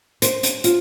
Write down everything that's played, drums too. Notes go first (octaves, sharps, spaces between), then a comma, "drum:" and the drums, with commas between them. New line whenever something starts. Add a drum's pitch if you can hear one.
C5, drum: hi-hat
drum: hi-hat
F4, drum: hi-hat